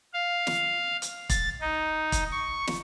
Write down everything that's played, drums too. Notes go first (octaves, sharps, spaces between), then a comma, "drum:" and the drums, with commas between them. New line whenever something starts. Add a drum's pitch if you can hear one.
F5
drum: snare
drum: hi-hat
A6, drum: kick, hi-hat
D#4
drum: kick, hi-hat
C#6
drum: snare